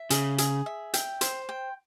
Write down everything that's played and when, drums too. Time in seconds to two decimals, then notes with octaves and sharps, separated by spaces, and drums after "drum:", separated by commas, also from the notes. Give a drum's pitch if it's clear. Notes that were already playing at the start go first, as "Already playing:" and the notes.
Already playing: E5
0.10 C#3 G#4, drum: hi-hat
0.38 G#4, drum: hi-hat
0.66 E5
0.94 G5, drum: hi-hat
1.21 C5, drum: hi-hat
1.49 G5